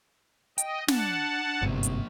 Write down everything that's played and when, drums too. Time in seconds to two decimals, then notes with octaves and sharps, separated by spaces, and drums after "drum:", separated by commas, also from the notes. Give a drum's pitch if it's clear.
0.58 D#5 G5, drum: hi-hat
0.88 D4 F#5 A5, drum: snare
1.62 G1 G#2 C3 F3 A#3
1.83 drum: hi-hat